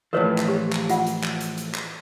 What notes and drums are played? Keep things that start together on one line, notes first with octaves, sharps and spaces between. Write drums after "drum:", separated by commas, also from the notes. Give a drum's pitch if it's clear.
A2 E3 F3 A#4 B4 C#5
drum: clap
G4
drum: clap
F4 F#5, drum: hi-hat
drum: hi-hat
drum: clap
drum: hi-hat
drum: hi-hat
drum: clap